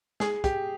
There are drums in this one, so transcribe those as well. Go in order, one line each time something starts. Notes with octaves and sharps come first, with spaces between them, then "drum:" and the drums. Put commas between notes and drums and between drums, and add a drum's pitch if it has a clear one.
G#4, drum: snare
G4, drum: kick, hi-hat